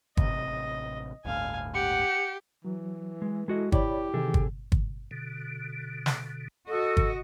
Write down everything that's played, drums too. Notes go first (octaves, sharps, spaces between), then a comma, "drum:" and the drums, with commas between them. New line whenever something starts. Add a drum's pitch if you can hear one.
A1 C3 D#5, drum: kick
G1 D2 A2 F5 G#5
G4 F#5 C#7
E3 F#3
G#3
G#3 E4 F#4 A4 D#5
E4 G4 C#5 D5 B5, drum: kick
C3 D#3 E3 E4 G#4 A4
D#2, drum: kick
drum: kick
B2 D3
drum: snare
F#4 A4 D#5
drum: kick